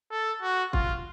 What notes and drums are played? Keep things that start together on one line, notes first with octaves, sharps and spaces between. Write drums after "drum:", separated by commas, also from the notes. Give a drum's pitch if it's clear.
A4
F#4
F4, drum: kick